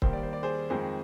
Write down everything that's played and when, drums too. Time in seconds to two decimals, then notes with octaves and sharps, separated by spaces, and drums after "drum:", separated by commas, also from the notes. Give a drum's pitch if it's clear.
0.02 D#2 D#3 G3 C5, drum: kick
0.13 D5
0.23 C5
0.33 D5
0.43 G#4 C5
0.70 F2 D#3 G#3 G#4 C5